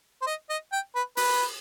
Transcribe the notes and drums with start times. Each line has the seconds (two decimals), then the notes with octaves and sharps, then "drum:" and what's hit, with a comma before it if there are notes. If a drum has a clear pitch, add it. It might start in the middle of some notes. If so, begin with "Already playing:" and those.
0.21 C5
0.27 D#5
0.50 D#5
0.72 G5
0.95 B4
1.17 B4, drum: open hi-hat